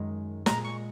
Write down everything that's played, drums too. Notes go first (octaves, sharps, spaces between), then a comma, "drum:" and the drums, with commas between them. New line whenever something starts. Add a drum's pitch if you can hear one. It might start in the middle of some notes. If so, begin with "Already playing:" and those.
Already playing: F#2 D#3 G#3
A#2 G#3 A#5, drum: snare
C#6